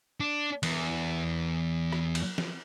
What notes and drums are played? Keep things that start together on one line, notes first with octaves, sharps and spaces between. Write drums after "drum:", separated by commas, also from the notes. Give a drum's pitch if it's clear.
D4
E2, drum: cymbal
drum: rim click
drum: cymbal
drum: snare